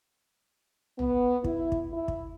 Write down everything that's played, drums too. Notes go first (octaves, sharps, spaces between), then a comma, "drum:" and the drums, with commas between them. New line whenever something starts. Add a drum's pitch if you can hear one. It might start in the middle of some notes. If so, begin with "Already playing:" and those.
B3, drum: tom A#1
E4, drum: kick
drum: kick
E4
drum: kick